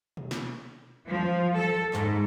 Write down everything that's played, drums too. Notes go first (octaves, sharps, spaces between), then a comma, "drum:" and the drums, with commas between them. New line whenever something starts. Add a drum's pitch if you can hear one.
drum: tom B2
drum: snare
F3
A4
G#2, drum: clap